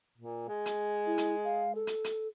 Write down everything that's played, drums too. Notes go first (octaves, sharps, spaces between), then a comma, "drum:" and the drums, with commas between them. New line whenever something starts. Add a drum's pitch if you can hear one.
A#2
G#3
drum: hi-hat
E4
drum: hi-hat
F5
A4
drum: hi-hat
drum: hi-hat